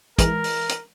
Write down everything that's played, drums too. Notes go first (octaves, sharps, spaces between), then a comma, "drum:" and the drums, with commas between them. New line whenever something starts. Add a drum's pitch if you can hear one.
E3 G#3 A#4, drum: kick, hi-hat
drum: open hi-hat
drum: hi-hat